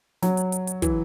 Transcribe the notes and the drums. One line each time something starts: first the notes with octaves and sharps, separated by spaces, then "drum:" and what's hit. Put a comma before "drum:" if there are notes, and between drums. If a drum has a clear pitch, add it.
F#3, drum: snare
drum: hi-hat
drum: hi-hat
drum: hi-hat
E3, drum: kick, hi-hat